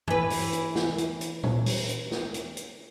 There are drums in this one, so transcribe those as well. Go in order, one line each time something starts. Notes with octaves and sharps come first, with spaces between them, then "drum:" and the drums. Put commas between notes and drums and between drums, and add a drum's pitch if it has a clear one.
E3 B4, drum: tom G2
drum: open hi-hat
drum: hi-hat
drum: snare
drum: hi-hat
drum: hi-hat
drum: tom A#2
drum: open hi-hat
drum: hi-hat
drum: snare
drum: hi-hat
drum: hi-hat